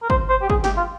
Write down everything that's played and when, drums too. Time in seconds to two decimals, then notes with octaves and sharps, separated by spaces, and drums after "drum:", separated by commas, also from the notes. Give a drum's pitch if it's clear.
0.03 A#4
0.10 C5, drum: kick
0.29 C5
0.42 G4
0.50 G#4, drum: kick
0.64 G4, drum: snare
0.77 F4